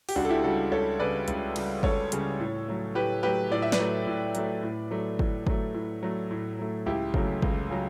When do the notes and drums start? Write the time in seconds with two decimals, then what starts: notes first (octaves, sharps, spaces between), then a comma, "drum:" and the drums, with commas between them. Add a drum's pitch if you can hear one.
0.09 G4, drum: open hi-hat
0.16 C#2 D4 F#4
0.25 A4
0.29 E4 G4
0.44 C#3 G3 F#4 A4
0.72 C#2 A4 C#5
0.99 C#3 G3 B4 D5
1.28 C#2, drum: hi-hat
1.56 C#3 G3, drum: cymbal
1.83 C#2 A4 C#5, drum: kick G1
2.12 C#3 G3, drum: hi-hat
2.39 A2
2.68 F#3 A3
2.95 A2 G4 B4
3.23 F#3 A3 G4 B4
3.51 A2 D5
3.62 E5
3.72 B4 D5, drum: snare
3.80 F#3 A3
4.07 A2
4.35 F#3 A3, drum: hi-hat
4.63 A2
4.91 F#3 A3
5.19 A2, drum: kick G1
5.47 F#3 A3, drum: kick G1
5.74 A2
6.03 F#3 A3
6.31 A2
6.59 F#3 A3
6.86 C#2 E4 G4
7.14 C#3 F#3 A3, drum: kick G1
7.42 C#2, drum: kick G1
7.70 C#3 F#3